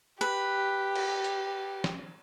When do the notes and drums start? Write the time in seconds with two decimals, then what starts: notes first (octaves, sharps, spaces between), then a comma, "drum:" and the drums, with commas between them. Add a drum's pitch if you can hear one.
0.21 G4 B4
0.96 drum: cymbal
1.24 drum: hi-hat
1.84 drum: snare